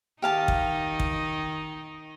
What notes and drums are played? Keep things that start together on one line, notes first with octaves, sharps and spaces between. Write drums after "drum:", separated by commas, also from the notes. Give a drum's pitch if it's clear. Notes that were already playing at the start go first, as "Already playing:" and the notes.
D#3 D#4 G4 F5 A5
drum: kick
drum: kick